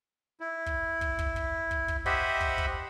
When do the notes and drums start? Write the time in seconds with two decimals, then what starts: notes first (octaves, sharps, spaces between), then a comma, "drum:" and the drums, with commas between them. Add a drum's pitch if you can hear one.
0.40 E4
0.66 drum: kick
1.01 drum: kick
1.19 drum: kick
1.36 drum: kick
1.71 drum: kick
1.88 drum: kick
2.06 G4 C5 D#5 E5 F#5 B5, drum: kick
2.40 drum: kick
2.58 drum: kick